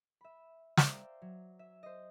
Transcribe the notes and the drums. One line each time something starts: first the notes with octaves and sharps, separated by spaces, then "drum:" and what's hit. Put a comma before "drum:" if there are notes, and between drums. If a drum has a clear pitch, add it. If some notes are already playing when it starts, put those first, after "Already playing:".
E5 B5
C5 D5 E5 F5 G5 A#5, drum: snare
F#3
E5
C5 D#5